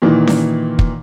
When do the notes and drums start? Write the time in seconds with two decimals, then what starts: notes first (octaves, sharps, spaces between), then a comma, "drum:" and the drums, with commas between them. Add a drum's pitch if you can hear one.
0.02 A#2 D#3 E3
0.27 drum: snare C#4
0.79 drum: kick